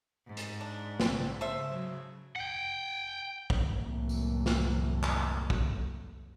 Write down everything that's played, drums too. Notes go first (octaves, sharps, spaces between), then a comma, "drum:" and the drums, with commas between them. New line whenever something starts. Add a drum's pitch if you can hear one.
G#2
drum: hi-hat
D4
A#1 C#3 C4, drum: snare
C#3 A4 C5 E5
C#3 F#3
F#5 G5
drum: kick
C2 F#2 A2 E3 A3 A#3
drum: tambourine
drum: snare
drum: clap
drum: kick